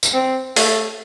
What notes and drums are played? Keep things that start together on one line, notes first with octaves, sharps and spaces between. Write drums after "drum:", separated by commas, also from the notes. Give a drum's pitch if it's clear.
drum: tambourine
C4
A3, drum: open hi-hat